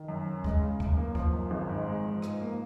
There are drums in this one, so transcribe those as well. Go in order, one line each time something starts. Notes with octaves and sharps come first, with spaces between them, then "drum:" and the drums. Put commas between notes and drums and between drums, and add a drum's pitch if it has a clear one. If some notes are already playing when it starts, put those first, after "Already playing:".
Already playing: D#3
F#2
C#4
G#3, drum: kick D2
C#3
F#2, drum: kick D2
A#3
F3, drum: kick D2
F#2
G#1
G#2
G#3
F3
G#2, drum: rim click
A#3